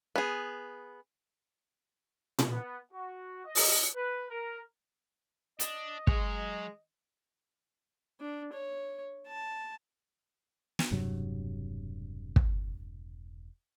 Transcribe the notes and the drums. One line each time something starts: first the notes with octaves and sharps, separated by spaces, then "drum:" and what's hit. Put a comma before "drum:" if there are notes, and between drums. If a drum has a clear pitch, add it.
B3 G#4
drum: tom A#2
B3
F#4
D#5
drum: open hi-hat
B4
A#4
D4 D#5, drum: hi-hat
F#3 G#3 C#5, drum: kick
D4
C#5
A5
drum: snare
E1 G2 C3 F#3
drum: kick